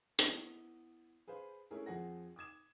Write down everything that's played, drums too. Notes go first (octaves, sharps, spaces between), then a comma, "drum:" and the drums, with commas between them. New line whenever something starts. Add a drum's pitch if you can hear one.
B3 E4, drum: hi-hat
G#4 B4 C5 F5
A3 C#4 E4 G#4 A#4
F2 F3 G#4 F#5 A#6
D6 D#6 G#6 E7